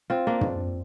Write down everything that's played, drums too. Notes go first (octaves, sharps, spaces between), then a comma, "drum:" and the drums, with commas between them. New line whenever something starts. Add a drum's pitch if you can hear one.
C4 F4
A#3 D4
drum: tom